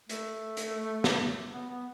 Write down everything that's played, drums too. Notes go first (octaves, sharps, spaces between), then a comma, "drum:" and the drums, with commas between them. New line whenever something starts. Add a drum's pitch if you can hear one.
A3, drum: hi-hat
drum: hi-hat
drum: snare
B3
B3